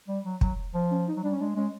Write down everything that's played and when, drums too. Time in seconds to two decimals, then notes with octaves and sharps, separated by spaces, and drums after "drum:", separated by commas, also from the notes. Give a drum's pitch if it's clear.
0.08 G3
0.25 F#3
0.41 F#3, drum: kick
0.74 F3
0.91 C#4
1.08 D#4
1.17 F#3
1.23 G3 D4
1.32 C#4
1.40 G#3 D4
1.56 G#3 C#4